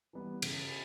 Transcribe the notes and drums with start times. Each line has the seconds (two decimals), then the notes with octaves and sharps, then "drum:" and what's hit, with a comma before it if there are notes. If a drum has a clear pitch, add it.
0.13 E3 G3 B3
0.42 C#3, drum: cymbal